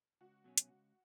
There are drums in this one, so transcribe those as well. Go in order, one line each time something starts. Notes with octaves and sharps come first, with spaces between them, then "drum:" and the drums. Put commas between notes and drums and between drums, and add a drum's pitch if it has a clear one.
C#2 F#4
B2 F#3 C#4
drum: hi-hat
C#2